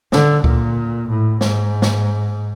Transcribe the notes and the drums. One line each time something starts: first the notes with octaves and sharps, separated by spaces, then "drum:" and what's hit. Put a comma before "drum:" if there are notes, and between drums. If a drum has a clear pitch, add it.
D3, drum: snare
A#2, drum: kick C#2
A2
G#2, drum: snare
drum: snare